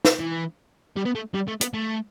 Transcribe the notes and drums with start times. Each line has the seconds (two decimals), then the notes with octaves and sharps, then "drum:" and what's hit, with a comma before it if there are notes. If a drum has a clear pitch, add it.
0.05 drum: snare
0.20 E3
0.97 G3
1.05 B3
1.15 A3
1.34 G3
1.48 A3
1.61 B3, drum: hi-hat
1.74 A3